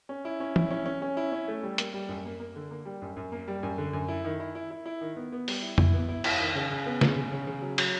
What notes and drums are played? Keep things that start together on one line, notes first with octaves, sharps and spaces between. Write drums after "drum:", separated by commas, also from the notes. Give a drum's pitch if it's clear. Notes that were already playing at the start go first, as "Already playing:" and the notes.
C#4
E4
C#4
E4, drum: tom
C#4
C#4
C#4
E4
C#4
A3
G3
A#3, drum: hi-hat
G3
F#2
A#3
A#3
D3
A#3
G3
F#2
F#2
A#3
G3
F#2
D3
F#2
E4
D#3
E4
E4
E4
E4
D#3
B3
B3
G3, drum: open hi-hat
E4
E4, drum: tom F2
B3
E4
E4, drum: cymbal
D#3
C#3
C#3
B3
C#3, drum: snare
C#3
C#3
C#3
F#3
F#3, drum: cymbal